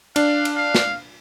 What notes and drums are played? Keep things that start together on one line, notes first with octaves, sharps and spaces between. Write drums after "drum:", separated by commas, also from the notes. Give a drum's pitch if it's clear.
D4 F5, drum: cymbal
drum: cymbal
F5
drum: snare